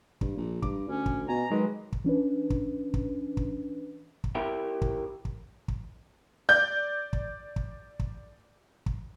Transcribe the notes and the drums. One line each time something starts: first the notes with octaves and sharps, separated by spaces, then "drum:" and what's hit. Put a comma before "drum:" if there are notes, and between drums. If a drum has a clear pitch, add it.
G2, drum: kick
A#1
G2 D6, drum: kick
D2 C#4
drum: kick
B2 G#5 A#5
D#3 F#3 G#3 B4
drum: kick
E3 C#4 D4 B4
drum: kick
drum: kick
drum: kick
drum: kick
E4 G4 A#4 E5 G5
drum: kick
drum: kick
drum: kick
D5 G6
drum: kick
drum: kick
drum: kick
drum: kick